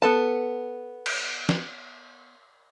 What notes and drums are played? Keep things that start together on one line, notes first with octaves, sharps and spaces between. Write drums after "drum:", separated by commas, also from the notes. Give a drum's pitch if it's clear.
B3 A4 A5
drum: cymbal
drum: snare